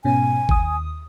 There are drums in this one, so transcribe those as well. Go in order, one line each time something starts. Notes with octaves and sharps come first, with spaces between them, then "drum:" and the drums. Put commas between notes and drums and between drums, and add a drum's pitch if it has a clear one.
G#2 B2 C#4 G#5
D#2 D#6, drum: kick G1